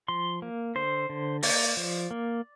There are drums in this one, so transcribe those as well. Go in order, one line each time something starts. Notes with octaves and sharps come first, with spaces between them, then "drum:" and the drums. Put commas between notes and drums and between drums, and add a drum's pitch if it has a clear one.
F3 C6
A#3
D3 C5
D3
A#3 D5, drum: open hi-hat
F3
A#3